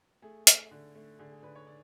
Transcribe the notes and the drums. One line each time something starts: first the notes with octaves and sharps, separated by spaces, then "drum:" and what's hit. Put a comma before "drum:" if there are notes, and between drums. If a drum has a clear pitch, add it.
A3 G#4
A3, drum: hi-hat
D3
A3
D3 G#4
G#4
D3 B4
C#5
D3 D5